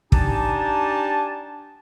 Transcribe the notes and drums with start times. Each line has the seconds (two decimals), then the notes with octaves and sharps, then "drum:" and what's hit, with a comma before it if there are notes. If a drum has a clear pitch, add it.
0.12 D4 D#4 G4 G#5 A5, drum: kick